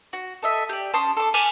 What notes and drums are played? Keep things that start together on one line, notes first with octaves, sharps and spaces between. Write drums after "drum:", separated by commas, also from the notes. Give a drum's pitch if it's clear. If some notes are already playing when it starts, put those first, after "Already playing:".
F#4
A4 D#5 E5
G4 D5
C#4 A5 C6 D#6
A4 D6
G#5 D6 F6, drum: cymbal